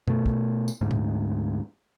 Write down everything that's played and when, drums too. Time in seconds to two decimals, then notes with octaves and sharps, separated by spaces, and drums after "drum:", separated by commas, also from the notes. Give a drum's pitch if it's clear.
0.08 B2 A3, drum: tom F#2
0.26 drum: kick
0.68 drum: tambourine
0.81 D2 G#2
0.91 drum: tom